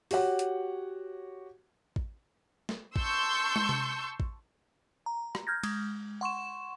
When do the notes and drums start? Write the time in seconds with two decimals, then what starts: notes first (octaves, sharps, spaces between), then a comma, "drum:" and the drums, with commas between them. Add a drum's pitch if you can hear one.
0.11 F#4 G4 C#5 F#5, drum: open hi-hat
0.39 drum: hi-hat
1.96 drum: kick A1
2.69 drum: snare
2.96 A5 C6 C#6 E6 G6, drum: kick A1
3.56 drum: tom
3.69 drum: tom C3
4.20 drum: kick A1
5.06 A#5
5.35 drum: rim click
5.47 F6 G6 G#6 A#6
5.63 G#3, drum: cymbal
6.21 F#5 C6 C#6 E7